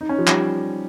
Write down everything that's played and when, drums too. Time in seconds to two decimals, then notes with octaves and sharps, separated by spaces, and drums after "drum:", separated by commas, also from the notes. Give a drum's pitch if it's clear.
0.01 D#4
0.09 C#4
0.19 F3
0.27 G3, drum: clap